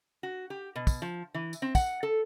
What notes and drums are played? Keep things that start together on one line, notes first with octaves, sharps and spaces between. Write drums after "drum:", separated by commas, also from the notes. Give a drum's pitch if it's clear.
F#4
G4
B2
drum: kick, tambourine
F3
E3
drum: tambourine
C4
F#5, drum: kick, tambourine
A4